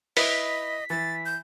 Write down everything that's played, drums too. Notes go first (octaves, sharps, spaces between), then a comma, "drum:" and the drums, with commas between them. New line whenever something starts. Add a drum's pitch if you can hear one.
E4 B4 D#5 B6, drum: open hi-hat
E3 A6
G6